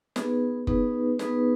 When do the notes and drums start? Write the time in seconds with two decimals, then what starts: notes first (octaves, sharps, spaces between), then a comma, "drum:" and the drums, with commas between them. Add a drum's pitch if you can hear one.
0.16 B3 D#4 G#4 B4, drum: snare
0.67 B3 D#4 G#4 B4, drum: kick F#1
1.19 B3 D#4 G#4 B4, drum: snare